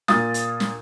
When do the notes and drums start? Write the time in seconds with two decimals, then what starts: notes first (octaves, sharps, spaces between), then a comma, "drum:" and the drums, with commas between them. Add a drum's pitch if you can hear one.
0.08 A#2 A#3 F4 D#6 A6, drum: snare
0.34 drum: hi-hat
0.60 drum: snare